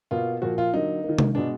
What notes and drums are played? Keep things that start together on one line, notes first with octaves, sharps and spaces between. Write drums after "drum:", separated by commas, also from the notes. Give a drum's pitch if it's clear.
B2 A#3 F4
A#2 F3 A#3 F#4
F4
D3 F#3 A#3 D#4
A#3
D#3
drum: tom C3
B2 G#3 B3 D4